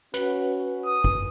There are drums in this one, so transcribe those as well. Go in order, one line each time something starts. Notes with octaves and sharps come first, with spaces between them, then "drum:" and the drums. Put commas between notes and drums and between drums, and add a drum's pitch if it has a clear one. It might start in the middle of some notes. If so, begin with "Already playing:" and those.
C#4 F#4 B4, drum: hi-hat
D#6
drum: kick